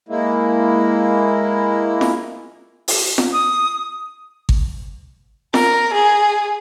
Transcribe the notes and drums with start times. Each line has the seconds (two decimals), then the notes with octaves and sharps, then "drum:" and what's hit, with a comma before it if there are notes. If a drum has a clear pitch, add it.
0.08 G#3 A#3 E4
2.01 drum: snare
2.88 drum: open hi-hat
3.18 drum: snare
3.33 D#6
4.49 drum: kick G#1
5.54 A#4, drum: snare
5.94 G#4